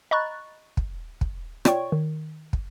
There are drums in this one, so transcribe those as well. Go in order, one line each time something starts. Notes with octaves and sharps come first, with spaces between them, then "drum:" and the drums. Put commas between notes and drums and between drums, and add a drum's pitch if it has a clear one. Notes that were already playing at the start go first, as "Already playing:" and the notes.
D#5 A#5 B5 C#6 F#6 A6
drum: kick
drum: kick
F4 C#5 D5 G5 C#6, drum: rim click
D#3
drum: kick